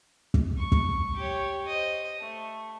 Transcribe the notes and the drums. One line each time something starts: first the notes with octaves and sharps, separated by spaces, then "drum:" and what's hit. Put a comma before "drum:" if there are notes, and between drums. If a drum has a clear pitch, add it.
drum: kick
C#6
drum: kick
G4 C#5
C5 D#5
A3